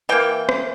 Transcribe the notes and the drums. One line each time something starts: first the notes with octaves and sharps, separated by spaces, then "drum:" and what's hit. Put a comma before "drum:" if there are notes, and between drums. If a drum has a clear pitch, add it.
E3 A#3 G5
drum: rim click